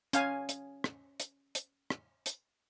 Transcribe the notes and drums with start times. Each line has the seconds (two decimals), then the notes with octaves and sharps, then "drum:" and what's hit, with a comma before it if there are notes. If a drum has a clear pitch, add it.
0.13 C#4 F5 G#5, drum: hi-hat
0.49 drum: hi-hat
0.84 drum: rim click
1.20 drum: hi-hat
1.55 drum: hi-hat
1.90 drum: rim click
2.26 drum: hi-hat